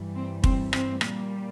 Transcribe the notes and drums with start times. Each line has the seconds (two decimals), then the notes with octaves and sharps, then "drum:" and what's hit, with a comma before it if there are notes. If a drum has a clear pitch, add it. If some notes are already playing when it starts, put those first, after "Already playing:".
Already playing: G2 E3 G3
0.15 C4
0.44 C4, drum: kick
0.73 C4, drum: rim click
1.01 A#2 G3 A#3, drum: rim click